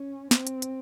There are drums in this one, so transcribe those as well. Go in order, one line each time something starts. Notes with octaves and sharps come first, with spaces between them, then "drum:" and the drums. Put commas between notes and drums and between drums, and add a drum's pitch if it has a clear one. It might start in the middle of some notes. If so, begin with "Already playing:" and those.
Already playing: C#4
C4, drum: snare
drum: hi-hat
drum: hi-hat